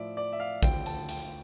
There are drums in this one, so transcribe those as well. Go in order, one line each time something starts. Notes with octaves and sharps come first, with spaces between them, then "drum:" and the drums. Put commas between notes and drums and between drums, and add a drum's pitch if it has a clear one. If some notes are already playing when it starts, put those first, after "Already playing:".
Already playing: A2 F3 D5 E5
D5
E5
F5
D2 D3 F3 G5, drum: kick, hi-hat
A5, drum: hi-hat
G5, drum: hi-hat